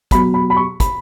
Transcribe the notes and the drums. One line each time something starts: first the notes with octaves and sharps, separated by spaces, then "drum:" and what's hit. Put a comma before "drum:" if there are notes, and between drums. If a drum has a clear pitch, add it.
B2 F#3 B5, drum: kick, hi-hat
B5
B5
C#6
B5, drum: kick, hi-hat